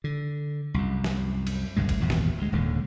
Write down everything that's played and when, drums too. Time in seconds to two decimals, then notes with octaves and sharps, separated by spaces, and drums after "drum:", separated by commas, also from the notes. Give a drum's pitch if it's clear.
0.04 D3
0.74 C2 F#2
1.04 drum: snare
1.47 drum: cymbal
1.76 F#1 C2 G2 G#3
1.89 drum: kick G1, cymbal
2.00 G#1 E2 A#2
2.10 drum: snare
2.38 D2 G#3
2.52 D#1 D#2 G#2 D3